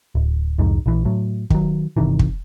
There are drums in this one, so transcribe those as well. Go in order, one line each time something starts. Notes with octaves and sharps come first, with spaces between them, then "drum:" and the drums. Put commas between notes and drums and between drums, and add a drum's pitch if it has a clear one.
D1
C2 F2 G#2 G#3
A#1 E3
A2 F#3
D#3 F#3, drum: kick
G1 C3 D#3 E3
drum: kick